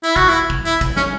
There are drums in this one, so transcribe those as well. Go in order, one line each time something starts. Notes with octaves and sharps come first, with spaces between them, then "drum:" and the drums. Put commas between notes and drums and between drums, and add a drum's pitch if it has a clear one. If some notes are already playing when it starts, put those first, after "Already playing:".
E4, drum: hi-hat
F#4, drum: kick, hi-hat
E4
drum: kick
E4, drum: hi-hat
drum: kick, hi-hat
C#4, drum: snare